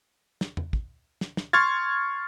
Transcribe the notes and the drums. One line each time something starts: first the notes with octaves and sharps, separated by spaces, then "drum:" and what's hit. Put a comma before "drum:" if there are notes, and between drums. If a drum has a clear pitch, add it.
drum: snare
drum: tom E2
drum: kick
drum: snare
drum: snare
C6 C#6 F6 G#6 A6